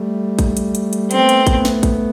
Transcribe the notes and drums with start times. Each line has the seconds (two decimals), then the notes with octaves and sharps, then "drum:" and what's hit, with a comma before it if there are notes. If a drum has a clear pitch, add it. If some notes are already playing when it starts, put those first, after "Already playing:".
Already playing: G3 A3
0.39 drum: kick A1, hi-hat
0.57 drum: hi-hat
0.75 drum: hi-hat
0.93 drum: hi-hat
1.11 A3 B3 C4, drum: hi-hat
1.29 drum: hi-hat
1.47 A3 B3, drum: kick A1, hi-hat
1.65 drum: snare
1.83 drum: kick A1, hi-hat